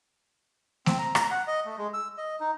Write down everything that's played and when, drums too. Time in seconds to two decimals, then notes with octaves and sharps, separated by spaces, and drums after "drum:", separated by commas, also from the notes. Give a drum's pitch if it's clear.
0.86 C4, drum: snare A3
0.99 A#5
1.15 A#5, drum: rim click
1.31 F#5
1.47 D#5
1.65 A3
1.78 G#3
1.94 E6
2.18 D#5
2.40 D#4